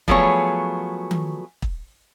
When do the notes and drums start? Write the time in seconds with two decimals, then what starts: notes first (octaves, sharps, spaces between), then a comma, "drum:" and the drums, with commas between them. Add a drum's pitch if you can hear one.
0.08 F3 F#3 A3 B3 G#4 C#5, drum: kick
1.11 drum: tom D#3
1.62 drum: kick